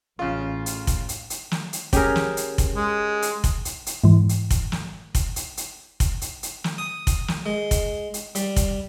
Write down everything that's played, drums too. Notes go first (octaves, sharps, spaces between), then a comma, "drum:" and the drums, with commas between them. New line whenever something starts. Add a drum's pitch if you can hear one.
A1 C#3 F4
drum: hi-hat
drum: kick F1, hi-hat
drum: hi-hat
drum: hi-hat
drum: snare
drum: hi-hat
C#4 G4 G#4 A#4, drum: kick F1, hi-hat
drum: snare
drum: hi-hat
drum: kick F1, hi-hat
G#3
drum: hi-hat
drum: kick F1, hi-hat
drum: hi-hat
drum: hi-hat
G#2 E3
drum: hi-hat
drum: kick F1, hi-hat
drum: snare
drum: kick F1, hi-hat
drum: hi-hat
drum: hi-hat
drum: kick F1, hi-hat
drum: hi-hat
drum: hi-hat
drum: snare
D#6
drum: kick F1, hi-hat
drum: snare
G#3
drum: kick F1, hi-hat
drum: hi-hat
G3, drum: hi-hat
drum: kick F1, hi-hat